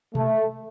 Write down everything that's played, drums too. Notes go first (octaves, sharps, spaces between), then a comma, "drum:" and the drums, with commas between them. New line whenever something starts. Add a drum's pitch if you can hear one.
A3, drum: tom B2